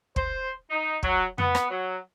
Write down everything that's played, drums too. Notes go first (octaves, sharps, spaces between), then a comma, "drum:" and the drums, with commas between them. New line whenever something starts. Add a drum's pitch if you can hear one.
C5, drum: kick
D#4
F#3, drum: kick
B3, drum: tom F2
drum: rim click
F#3